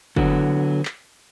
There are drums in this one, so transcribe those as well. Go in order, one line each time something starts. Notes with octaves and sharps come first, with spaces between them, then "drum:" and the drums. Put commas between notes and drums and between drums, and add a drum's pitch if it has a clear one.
D3 F#3 B3, drum: kick
drum: clap